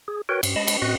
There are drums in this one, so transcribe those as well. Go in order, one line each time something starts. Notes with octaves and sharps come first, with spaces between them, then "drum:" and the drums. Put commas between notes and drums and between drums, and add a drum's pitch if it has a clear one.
G#4
F#4 A#4 B4 C#5 G5
G2, drum: cymbal
G#3 D#5 A5 B5
drum: cymbal
A2 C4 F#4 D#5 F#6